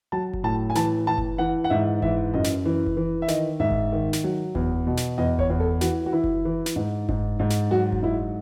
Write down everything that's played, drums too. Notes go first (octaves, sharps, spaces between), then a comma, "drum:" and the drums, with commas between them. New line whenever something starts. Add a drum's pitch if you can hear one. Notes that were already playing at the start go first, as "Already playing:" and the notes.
F#3 A5
drum: kick F#1
A2 A5
G#5
E3 A5, drum: snare
E3 A5
drum: kick F#1
E3 F#5
F#5
G#2 E5
E3 E5, drum: kick F#1
F#2 D#5
drum: snare
E3
drum: kick F#1
E3
E5
D#3 D#5, drum: snare
G#2 E5
drum: kick F#1
D#3
drum: snare
F#3
E2, drum: kick F#1
B2
drum: snare
E2 D#5
C#5, drum: kick F#1
E2
A4
E3 F#4, drum: snare
F#4
E3 E4
drum: kick F#1
E3
drum: snare
G#2
G#2, drum: kick F#1
G#2
drum: snare
F#3 F#4
drum: kick F#1
G#2 E4